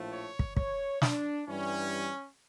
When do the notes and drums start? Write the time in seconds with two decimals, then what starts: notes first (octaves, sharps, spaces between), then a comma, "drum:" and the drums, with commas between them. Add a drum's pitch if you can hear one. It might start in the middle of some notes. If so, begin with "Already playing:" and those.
Already playing: A#1 A2 F3 A3
0.11 C#5
0.39 drum: kick
0.57 C#5, drum: kick
1.02 D4, drum: snare
1.47 G2 E3 G3 C#4